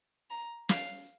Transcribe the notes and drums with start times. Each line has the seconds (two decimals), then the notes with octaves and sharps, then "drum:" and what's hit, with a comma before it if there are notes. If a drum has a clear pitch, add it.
0.30 A#5
0.69 F5, drum: snare